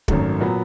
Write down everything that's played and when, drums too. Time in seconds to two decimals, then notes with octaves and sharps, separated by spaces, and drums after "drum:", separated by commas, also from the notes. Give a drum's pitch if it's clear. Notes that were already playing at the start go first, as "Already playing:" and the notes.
0.08 G#1 F#2 D#3 F#3 A3, drum: kick
0.40 A#2 F#3 B3